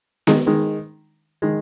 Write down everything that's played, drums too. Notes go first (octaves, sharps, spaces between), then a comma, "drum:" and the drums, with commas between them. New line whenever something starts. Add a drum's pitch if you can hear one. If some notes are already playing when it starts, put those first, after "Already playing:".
D#3 G#3, drum: snare B3
D#3 G#3
D#3 G#3